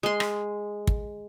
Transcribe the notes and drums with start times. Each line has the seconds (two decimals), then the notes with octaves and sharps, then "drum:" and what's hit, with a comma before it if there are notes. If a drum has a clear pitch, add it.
0.03 G#3 C6
0.20 drum: rim click
0.87 drum: kick